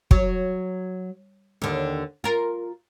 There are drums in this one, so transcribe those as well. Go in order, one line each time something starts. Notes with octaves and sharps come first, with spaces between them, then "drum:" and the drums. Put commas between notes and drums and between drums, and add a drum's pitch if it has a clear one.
F#3, drum: kick
D#2 D3
F4 A#4